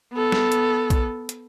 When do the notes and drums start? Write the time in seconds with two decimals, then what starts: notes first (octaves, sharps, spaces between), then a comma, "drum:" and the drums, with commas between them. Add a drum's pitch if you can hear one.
0.13 B3 A4
0.32 drum: snare
0.52 drum: hi-hat
0.90 drum: kick A#1, hi-hat
1.29 drum: hi-hat